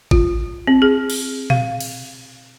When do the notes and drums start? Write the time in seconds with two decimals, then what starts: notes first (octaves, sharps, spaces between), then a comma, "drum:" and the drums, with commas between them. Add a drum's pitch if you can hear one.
0.11 F4, drum: kick
0.67 C4
0.82 G#4
1.10 drum: cymbal
1.50 F5, drum: tom A#2
1.80 drum: cymbal